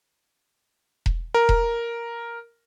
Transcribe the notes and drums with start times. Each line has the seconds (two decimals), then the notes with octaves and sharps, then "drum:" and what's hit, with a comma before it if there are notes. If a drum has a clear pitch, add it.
1.06 drum: kick E1
1.34 A#4
1.49 drum: kick E1